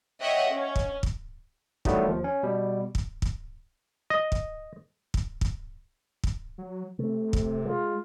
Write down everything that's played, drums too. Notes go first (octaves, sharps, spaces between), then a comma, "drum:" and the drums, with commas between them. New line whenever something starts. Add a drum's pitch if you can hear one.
C#5 D#5 E5 F#5 G5
C#4
drum: kick
drum: kick
D#3 E3 F#3 G3 A3 B3, drum: kick
D#2 F3
C#4
B2 G3
drum: kick
drum: kick
D#5
drum: kick
drum: kick
drum: kick
drum: kick
F#3
C3 A3
drum: kick
G#3 F4